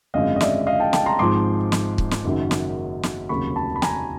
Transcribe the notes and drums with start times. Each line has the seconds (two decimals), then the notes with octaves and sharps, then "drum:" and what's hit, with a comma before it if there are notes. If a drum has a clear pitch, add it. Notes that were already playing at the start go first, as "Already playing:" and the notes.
0.14 G#1 F#2 D3 F3 G#3 D#5 F5
0.36 D#5
0.41 D5 E5, drum: snare
0.67 D#5 F5
0.80 G5 A5
0.93 G5 A5, drum: snare
1.06 A#5 C6
1.19 G#1 G#2 F3 G#3 C6 D6
1.72 drum: snare
1.98 drum: kick C#1
2.11 drum: snare
2.24 F#1 F#2 D#3 F#3
2.51 drum: snare
3.03 drum: snare
3.29 F1 D#2 C#3 F#3 B5 C#6
3.56 A5 B5
3.76 B5
3.82 G#5 A#5, drum: snare